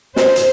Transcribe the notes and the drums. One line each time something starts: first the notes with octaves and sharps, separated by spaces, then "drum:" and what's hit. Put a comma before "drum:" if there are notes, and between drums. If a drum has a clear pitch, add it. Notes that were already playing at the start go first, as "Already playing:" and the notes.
C5, drum: snare
drum: hi-hat